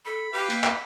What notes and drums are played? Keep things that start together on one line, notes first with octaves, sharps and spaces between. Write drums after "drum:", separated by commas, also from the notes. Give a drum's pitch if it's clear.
A4 B5
G4 B4 F5 G5
A#3, drum: cymbal
drum: clap